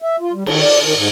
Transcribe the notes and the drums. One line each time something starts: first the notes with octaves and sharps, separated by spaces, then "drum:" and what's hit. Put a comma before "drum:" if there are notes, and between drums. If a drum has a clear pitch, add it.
E5
F4
G3
D#3, drum: cymbal
D5
D#3
G#2